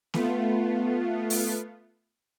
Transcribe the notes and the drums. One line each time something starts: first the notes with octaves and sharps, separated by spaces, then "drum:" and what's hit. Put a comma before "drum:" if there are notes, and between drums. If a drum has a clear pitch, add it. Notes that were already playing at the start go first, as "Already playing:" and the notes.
A3 B3 F4, drum: snare A#3
drum: open hi-hat